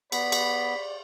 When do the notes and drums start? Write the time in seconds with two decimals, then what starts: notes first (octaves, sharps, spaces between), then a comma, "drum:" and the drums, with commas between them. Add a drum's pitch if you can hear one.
0.12 B3 D5 B5, drum: cymbal
0.32 drum: cymbal